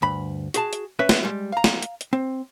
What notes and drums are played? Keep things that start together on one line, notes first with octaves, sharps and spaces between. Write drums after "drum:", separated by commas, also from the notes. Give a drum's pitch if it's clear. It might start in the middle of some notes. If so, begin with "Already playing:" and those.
D2 G2 B5
F#4 G#4 A5, drum: hi-hat
drum: hi-hat
C#4 B4 E5
drum: snare
G3 G#3
F5 A#5
drum: snare
drum: hi-hat
drum: hi-hat
C4